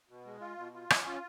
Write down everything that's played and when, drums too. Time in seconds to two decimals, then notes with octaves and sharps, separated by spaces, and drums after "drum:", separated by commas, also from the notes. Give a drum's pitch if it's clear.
0.09 B2
0.26 G#3
0.41 F4
0.57 B2
0.74 F4
0.90 C#4, drum: rim click
1.06 F4